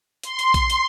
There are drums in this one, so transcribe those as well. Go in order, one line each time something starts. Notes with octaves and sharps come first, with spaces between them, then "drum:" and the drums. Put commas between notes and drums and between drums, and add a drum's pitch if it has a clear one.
C6, drum: hi-hat
drum: hi-hat
drum: kick A#1, hi-hat
drum: hi-hat